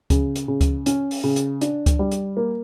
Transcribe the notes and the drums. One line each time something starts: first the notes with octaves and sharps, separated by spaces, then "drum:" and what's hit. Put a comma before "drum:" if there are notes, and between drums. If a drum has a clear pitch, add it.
C#3, drum: kick C#2, hi-hat
drum: hi-hat
C#3
drum: kick C#2, hi-hat
C#4, drum: hi-hat
drum: open hi-hat
C#3
drum: hi-hat
D4, drum: hi-hat
drum: kick C#2, hi-hat
G3
drum: hi-hat
A#3